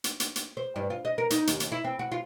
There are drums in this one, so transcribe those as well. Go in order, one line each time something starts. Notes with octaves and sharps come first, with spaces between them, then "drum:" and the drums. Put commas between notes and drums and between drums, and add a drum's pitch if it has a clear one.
drum: hi-hat
drum: hi-hat
drum: hi-hat
C5
G2
F4
D#5
A#4
D#4, drum: hi-hat
D#2, drum: hi-hat
D#2, drum: hi-hat
E4
C4
F#4
F4